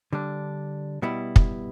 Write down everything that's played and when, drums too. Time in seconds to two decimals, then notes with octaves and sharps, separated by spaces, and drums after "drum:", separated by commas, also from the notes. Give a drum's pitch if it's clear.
0.13 D3 G3 D4
1.02 B2 G3 B3 E4
1.36 drum: kick